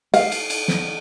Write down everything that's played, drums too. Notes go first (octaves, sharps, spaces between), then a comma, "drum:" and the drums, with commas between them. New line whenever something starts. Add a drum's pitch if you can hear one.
F5, drum: cymbal
drum: cymbal
drum: cymbal
drum: snare